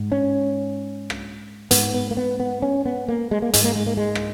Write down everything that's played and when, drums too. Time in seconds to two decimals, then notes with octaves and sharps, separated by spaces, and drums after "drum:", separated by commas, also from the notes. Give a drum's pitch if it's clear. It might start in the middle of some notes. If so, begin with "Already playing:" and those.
Already playing: G#2
0.12 C#4
1.10 drum: rim click
1.71 G#2 B3, drum: hi-hat
1.94 B3
2.11 A#3
2.17 B3
2.40 B3
2.62 C#4
2.85 B3
3.08 A#3
3.31 G#3
3.42 A#3
3.53 G#2 G#3, drum: hi-hat
3.64 A#3
3.75 G#3
3.87 A#3
3.97 G#3
4.15 drum: rim click